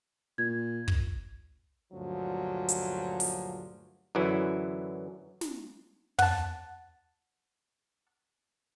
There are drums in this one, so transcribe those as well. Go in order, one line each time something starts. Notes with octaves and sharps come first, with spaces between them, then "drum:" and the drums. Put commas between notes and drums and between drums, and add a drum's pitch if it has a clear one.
A#2 G#6
drum: kick
D2 G2 A#2 F3 F#3
drum: hi-hat
drum: open hi-hat
F#2 D3 E3 F#3 E4
drum: snare
F#5 A5, drum: tom